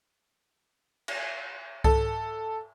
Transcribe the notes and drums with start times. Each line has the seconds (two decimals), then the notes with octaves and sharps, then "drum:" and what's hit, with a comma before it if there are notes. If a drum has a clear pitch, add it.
1.08 drum: cymbal
1.84 A4, drum: kick C2